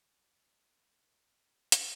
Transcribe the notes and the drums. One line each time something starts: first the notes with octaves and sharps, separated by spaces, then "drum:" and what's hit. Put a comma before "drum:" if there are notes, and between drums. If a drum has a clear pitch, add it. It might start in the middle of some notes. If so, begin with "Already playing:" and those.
D2 F#3
A#3
G#1 A2
C2 C3
D#3, drum: hi-hat